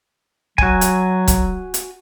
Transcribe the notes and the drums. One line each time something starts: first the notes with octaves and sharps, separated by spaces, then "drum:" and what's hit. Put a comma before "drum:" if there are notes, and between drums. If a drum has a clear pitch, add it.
F#3 F#4 G#5, drum: kick
drum: hi-hat
drum: kick, hi-hat
drum: hi-hat